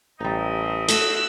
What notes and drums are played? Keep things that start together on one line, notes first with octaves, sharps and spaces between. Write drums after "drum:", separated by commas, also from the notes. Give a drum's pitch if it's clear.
A1 G3 C4 D#4 E4 D#5
A3 F#4 E6 F#6, drum: hi-hat